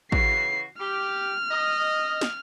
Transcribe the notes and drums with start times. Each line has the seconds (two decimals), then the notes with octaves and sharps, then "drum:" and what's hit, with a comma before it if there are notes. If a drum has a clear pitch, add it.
0.12 C#3 E3 F#4 C7, drum: kick
0.80 G4 F6
1.51 D#5
2.21 drum: snare